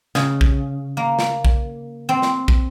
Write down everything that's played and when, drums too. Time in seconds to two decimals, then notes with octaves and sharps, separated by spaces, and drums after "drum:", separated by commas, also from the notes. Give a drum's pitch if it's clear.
0.15 C#3, drum: snare
0.41 drum: kick
0.97 A#3
1.19 drum: snare
1.45 drum: kick
2.09 C4
2.22 drum: snare
2.48 drum: kick